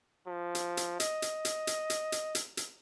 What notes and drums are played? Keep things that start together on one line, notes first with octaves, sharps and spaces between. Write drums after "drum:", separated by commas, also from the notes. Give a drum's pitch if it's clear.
F3
drum: hi-hat
drum: hi-hat
D#5, drum: hi-hat
drum: hi-hat
drum: hi-hat
drum: hi-hat
drum: hi-hat
drum: hi-hat
drum: hi-hat
drum: hi-hat